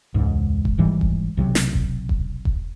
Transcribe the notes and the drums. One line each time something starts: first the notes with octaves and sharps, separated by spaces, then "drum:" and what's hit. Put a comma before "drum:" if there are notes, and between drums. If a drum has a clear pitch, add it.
E1 C#2 G#2
drum: kick E1
G#1 G#2 E3 G3
drum: kick E1
B1 C3 F#3
drum: snare
drum: kick E1
drum: kick E1
drum: kick E1